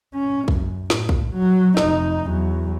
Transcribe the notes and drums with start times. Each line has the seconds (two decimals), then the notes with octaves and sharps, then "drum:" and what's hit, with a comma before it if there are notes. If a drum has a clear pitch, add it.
0.14 C#4
0.48 F#2, drum: kick
0.90 A2, drum: snare
1.09 drum: kick
1.33 F#3
1.77 F1 D#4, drum: snare
2.26 E2 F#3